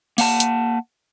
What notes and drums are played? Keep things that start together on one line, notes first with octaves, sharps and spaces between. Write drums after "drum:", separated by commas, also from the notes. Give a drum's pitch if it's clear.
A#3 F#5 A5, drum: open hi-hat
drum: hi-hat